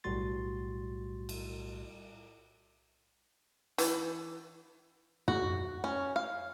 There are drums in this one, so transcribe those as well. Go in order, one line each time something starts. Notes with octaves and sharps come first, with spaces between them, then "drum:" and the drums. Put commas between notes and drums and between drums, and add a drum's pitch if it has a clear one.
B1 A2 G3 F#4 C6 A6
drum: cymbal
E3, drum: hi-hat
F#4, drum: tom
C#4
F5